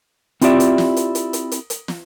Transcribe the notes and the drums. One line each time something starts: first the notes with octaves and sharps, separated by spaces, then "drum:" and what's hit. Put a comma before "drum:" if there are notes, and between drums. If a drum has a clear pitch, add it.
C4 E4 F4 G4 D5 E5, drum: hi-hat
drum: hi-hat
drum: snare
drum: hi-hat
drum: hi-hat
drum: hi-hat
drum: hi-hat
drum: hi-hat
drum: snare